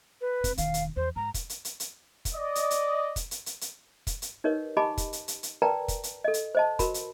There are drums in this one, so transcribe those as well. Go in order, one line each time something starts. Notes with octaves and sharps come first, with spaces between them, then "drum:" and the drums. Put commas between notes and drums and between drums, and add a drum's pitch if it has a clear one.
B4
F1 C4, drum: kick, hi-hat
E1 D#3 F5, drum: hi-hat
drum: hi-hat
E2 C5
G#2 A#5
drum: kick, hi-hat
drum: hi-hat
drum: hi-hat
drum: hi-hat
drum: kick, hi-hat
D5 D#5
drum: hi-hat
drum: hi-hat
drum: kick, hi-hat
drum: hi-hat
drum: hi-hat
drum: hi-hat
drum: kick, hi-hat
drum: hi-hat
D#4 G4 A#4 B4 C#5 D#5
G4 D#5 G#5 A5 B5 D6
drum: kick, hi-hat
drum: hi-hat
drum: hi-hat
drum: hi-hat
A#4 B4 D5 G5 A5 A#5
drum: kick, hi-hat
drum: hi-hat
A4 D#5
drum: hi-hat
C5 D#5 A5
F#4 A#4 B5, drum: kick, hi-hat
drum: hi-hat